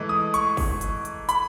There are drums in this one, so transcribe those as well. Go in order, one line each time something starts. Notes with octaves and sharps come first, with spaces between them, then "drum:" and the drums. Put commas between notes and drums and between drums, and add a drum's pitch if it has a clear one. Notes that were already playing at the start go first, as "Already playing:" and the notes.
Already playing: G#2 E3 A3
D#6
C#6, drum: hi-hat
drum: kick, open hi-hat
drum: hi-hat
drum: hi-hat
B5, drum: hi-hat